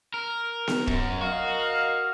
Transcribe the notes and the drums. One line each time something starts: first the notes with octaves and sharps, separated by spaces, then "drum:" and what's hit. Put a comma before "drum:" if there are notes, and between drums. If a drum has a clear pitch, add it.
A#4
drum: snare B3
F#2, drum: kick
F#4 A#4 D#5 F5